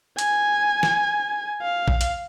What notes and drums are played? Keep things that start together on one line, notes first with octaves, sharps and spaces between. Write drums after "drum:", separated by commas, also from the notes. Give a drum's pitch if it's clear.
G#5, drum: hi-hat
drum: snare
F5
drum: kick
drum: hi-hat